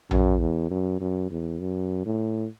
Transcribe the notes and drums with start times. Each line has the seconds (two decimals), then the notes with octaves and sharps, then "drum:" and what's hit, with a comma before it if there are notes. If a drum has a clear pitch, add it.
0.11 F#2, drum: tom A#1
0.40 E2
0.71 F#2
1.01 F#2
1.31 E2
1.61 F#2
2.06 A2